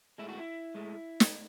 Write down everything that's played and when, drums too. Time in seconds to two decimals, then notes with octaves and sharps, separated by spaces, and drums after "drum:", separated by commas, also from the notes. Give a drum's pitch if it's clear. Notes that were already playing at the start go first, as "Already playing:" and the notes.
0.18 A2 G#3 E4
0.29 F#4
0.39 E4
0.74 A2 G#3
1.20 drum: snare